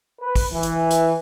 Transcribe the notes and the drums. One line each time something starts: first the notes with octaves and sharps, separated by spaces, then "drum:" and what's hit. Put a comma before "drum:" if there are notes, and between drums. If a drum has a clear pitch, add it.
B4
drum: kick, open hi-hat
E3
drum: hi-hat
drum: hi-hat